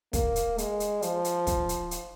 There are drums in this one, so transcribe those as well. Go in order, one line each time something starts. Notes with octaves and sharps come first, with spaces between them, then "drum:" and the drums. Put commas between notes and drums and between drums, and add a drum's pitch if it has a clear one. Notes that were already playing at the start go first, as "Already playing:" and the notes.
A#3, drum: kick, hi-hat
drum: hi-hat
G#3, drum: hi-hat
drum: hi-hat
F3, drum: hi-hat
drum: hi-hat
drum: kick, hi-hat
drum: hi-hat
drum: hi-hat